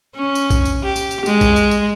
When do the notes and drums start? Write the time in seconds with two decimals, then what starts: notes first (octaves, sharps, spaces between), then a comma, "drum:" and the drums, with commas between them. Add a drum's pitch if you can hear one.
0.16 C#4
0.35 drum: tambourine
0.50 drum: kick B1, tambourine
0.66 drum: tambourine
0.84 G4
0.96 drum: tambourine
1.11 drum: tambourine
1.26 G#3, drum: tambourine
1.41 drum: kick B1, tambourine
1.56 drum: tambourine
1.71 drum: tambourine